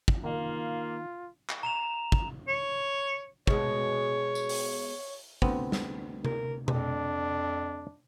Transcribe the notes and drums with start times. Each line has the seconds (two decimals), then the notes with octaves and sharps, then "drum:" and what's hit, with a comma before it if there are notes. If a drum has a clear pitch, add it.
0.08 drum: kick
0.24 D#3 A#3 F4
1.49 drum: clap
1.63 A#5 E7 F7
2.12 drum: kick
2.48 C#5
3.47 B2 G#3 C#5, drum: kick
4.35 drum: tambourine
4.49 drum: open hi-hat
5.42 D2 B3 C4, drum: kick
5.72 drum: snare
6.25 A#4, drum: tom C3
6.68 F2 D4, drum: tom B2